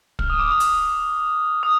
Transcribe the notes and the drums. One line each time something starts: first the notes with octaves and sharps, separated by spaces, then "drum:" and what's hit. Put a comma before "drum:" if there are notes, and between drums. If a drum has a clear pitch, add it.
F6, drum: kick
D#6
D6
D#6
drum: hi-hat
D#6